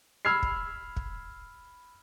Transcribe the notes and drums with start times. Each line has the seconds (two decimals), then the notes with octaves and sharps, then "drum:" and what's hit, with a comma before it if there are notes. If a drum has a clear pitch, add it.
0.25 B5 E6 F6 G#6 C7
0.43 drum: kick
0.97 drum: kick